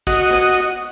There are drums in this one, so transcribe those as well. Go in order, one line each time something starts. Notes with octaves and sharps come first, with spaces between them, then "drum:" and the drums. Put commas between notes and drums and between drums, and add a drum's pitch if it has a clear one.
F#4 D#5, drum: kick, open hi-hat
drum: snare
drum: hi-hat